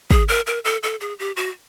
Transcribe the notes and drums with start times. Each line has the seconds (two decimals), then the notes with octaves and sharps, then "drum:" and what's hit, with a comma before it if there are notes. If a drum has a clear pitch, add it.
0.11 G#4, drum: kick
0.28 A#4
0.47 A#4
0.65 A4
0.83 A4
1.01 G#4
1.19 G4
1.36 F#4